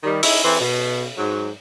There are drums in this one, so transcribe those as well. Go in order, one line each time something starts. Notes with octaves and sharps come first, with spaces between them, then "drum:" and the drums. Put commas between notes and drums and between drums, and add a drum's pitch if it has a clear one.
D#3 G3
C#4 D#4 E4, drum: open hi-hat
E3 C4
B2
G#2 F#3